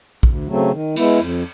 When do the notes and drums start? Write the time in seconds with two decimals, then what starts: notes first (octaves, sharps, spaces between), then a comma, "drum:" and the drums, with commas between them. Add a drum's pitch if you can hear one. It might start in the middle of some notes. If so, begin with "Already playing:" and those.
0.23 D2, drum: kick
0.48 C#3 F#3 A3 C4
0.71 D#3
0.96 G#3 B3 E4, drum: cymbal
1.19 F2